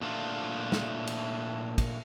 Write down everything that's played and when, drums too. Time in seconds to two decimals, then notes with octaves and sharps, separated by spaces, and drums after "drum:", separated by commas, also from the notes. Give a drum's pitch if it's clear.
0.02 A#2 A3 D4 F4
0.72 drum: snare
1.07 drum: cymbal
1.78 drum: kick, cymbal